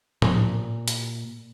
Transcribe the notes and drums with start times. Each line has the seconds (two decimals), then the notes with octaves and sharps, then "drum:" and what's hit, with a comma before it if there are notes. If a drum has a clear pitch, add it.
0.22 A#2, drum: tom A2
0.88 drum: hi-hat